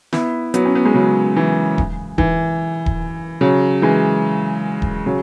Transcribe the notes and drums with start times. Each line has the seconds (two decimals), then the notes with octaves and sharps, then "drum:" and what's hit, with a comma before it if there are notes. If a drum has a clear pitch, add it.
0.13 B3 E4, drum: snare
0.54 F#3 B3, drum: hi-hat
0.65 C#4
0.75 B3
0.85 G#3
0.94 C#3 F#3
1.37 E3
1.78 drum: kick D#1
2.18 E3, drum: kick D#1
2.86 drum: kick D#1
3.41 C#3 F#3
3.82 E3 G#3
4.82 drum: kick D#1
5.06 C#3 F#3